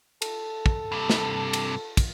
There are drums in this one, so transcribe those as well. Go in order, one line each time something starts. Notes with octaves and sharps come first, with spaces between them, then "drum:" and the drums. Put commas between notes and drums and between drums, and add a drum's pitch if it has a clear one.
A4, drum: cymbal
drum: kick
G2 C3
drum: snare
drum: cymbal
drum: kick, cymbal